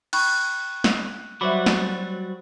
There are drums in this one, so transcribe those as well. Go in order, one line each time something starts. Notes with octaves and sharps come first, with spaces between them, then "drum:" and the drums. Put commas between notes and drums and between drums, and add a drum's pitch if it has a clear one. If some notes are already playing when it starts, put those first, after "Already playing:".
G5 B5 C#6 F#6, drum: cymbal
drum: snare
F#3 G3 F#4 C5 E5 B5 D6
A6, drum: snare